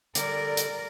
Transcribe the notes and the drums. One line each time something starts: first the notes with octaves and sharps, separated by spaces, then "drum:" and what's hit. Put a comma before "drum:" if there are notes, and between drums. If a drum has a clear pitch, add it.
D3 G3 A#4 D5, drum: hi-hat
drum: hi-hat